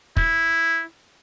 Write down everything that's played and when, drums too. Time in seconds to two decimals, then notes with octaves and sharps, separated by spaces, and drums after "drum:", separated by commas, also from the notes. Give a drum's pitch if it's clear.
0.17 E4, drum: kick